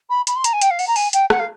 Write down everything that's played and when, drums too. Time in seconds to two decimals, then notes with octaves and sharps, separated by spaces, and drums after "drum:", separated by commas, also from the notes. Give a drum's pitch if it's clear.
0.09 B5
0.27 B5, drum: hi-hat
0.36 C6
0.44 A#5, drum: hi-hat
0.53 G#5
0.61 G5, drum: hi-hat
0.70 F5
0.79 F#5, drum: open hi-hat
0.87 A#5
0.96 G#5, drum: open hi-hat
1.13 G5, drum: hi-hat
1.30 F#5, drum: rim click
1.39 F5